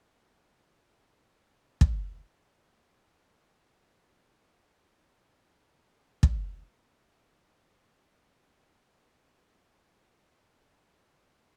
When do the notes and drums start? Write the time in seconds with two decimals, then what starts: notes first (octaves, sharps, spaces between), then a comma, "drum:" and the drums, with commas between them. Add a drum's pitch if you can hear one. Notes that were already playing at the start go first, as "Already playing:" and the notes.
0.21 B3 C#4 G#5
1.81 drum: kick
3.16 D#2
3.35 D#1
3.67 C4
3.94 F1
4.25 F3
4.87 A#5
5.23 G2
6.23 drum: kick
7.06 F3 F#3 A#3 B3
10.60 F#4 C#5